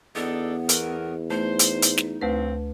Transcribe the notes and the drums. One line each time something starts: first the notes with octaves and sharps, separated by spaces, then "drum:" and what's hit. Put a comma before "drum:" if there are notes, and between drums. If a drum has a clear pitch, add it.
E2 B3 D4 D#4 A4
E3 A3 A#4, drum: hi-hat
A3 D#4 C5
drum: hi-hat
drum: hi-hat
drum: snare
D2 F3 F#3 A3 C4 B4